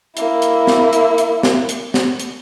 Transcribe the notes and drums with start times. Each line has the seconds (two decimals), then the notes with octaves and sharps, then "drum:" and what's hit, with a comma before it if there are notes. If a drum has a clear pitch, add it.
0.17 A#3 E4, drum: hi-hat
0.42 drum: hi-hat
0.67 drum: snare
0.93 drum: hi-hat
1.18 drum: hi-hat
1.43 drum: snare
1.69 drum: hi-hat
1.94 drum: snare
2.20 drum: hi-hat